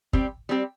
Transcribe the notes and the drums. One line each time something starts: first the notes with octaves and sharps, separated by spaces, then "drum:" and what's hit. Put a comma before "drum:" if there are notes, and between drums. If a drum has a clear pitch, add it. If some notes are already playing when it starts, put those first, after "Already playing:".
G3 C4 G4, drum: kick
G3 C4 G4